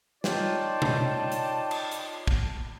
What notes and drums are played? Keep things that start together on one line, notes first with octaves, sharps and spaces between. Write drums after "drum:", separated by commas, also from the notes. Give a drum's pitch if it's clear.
D#4 F4 C#5 D5 G5 A5, drum: snare
drum: tom B2
drum: hi-hat
drum: cymbal
drum: hi-hat
drum: kick